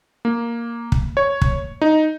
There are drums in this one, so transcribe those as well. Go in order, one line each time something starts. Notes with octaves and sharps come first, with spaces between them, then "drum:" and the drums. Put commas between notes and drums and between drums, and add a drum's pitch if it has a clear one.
A#3
drum: kick
C#5
drum: kick
D#4